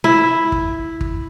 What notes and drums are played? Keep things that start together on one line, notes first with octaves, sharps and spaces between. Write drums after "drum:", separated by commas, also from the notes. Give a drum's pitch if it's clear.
E4
drum: kick
drum: kick